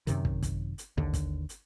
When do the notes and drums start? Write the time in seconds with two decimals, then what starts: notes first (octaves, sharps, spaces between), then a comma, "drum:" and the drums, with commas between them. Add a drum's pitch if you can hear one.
0.07 F#2 C3 D#3, drum: hi-hat
0.25 drum: kick
0.43 drum: kick, hi-hat
0.78 drum: hi-hat
0.97 D#2 D3, drum: kick
1.14 drum: kick, hi-hat
1.49 drum: hi-hat